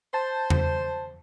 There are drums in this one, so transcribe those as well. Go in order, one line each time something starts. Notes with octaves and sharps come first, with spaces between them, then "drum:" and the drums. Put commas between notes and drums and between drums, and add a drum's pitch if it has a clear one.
C5 A5
drum: tom E2